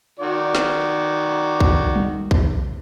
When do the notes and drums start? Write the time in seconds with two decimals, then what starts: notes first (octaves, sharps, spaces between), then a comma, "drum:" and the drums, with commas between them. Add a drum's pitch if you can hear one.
0.19 D#3 F#4 D5
0.55 drum: snare
1.60 drum: kick B1
1.96 drum: tom
2.31 drum: kick B1